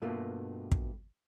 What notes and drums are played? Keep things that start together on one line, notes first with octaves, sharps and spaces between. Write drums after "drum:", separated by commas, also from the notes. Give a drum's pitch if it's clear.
G2 B2 A3 A#3 F4
drum: kick